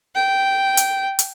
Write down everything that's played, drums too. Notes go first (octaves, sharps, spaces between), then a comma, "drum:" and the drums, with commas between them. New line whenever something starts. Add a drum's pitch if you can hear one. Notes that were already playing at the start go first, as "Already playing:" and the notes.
G5
drum: hi-hat
drum: hi-hat